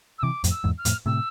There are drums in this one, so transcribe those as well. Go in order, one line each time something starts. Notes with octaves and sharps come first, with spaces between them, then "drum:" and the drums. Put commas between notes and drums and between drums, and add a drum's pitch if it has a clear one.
E6
C3 E3 D6
F2 A2, drum: hi-hat
E6
E2 G#2
F6
F2 A2, drum: hi-hat
A2 C3 E6